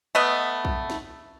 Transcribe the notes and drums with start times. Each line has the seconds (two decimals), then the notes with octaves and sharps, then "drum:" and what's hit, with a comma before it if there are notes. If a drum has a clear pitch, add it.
0.15 A3 B3 D#5
0.65 drum: kick B1
0.90 drum: snare